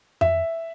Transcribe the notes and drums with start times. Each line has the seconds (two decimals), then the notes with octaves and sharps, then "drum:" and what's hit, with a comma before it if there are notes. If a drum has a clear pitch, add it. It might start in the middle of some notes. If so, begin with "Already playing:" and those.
0.21 E5, drum: tom F2